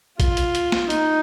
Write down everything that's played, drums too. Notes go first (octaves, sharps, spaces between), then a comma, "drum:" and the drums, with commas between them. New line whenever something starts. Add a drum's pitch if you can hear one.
F4, drum: kick A#1, hi-hat
drum: hi-hat
drum: hi-hat
drum: snare
D#4, drum: hi-hat